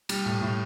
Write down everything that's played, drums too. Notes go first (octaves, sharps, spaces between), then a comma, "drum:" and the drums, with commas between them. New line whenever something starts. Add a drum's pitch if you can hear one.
G3, drum: cymbal
A2
A2